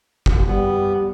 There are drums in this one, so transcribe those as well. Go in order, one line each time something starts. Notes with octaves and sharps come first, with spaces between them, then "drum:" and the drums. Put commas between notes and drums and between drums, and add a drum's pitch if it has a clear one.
drum: kick
G3 B3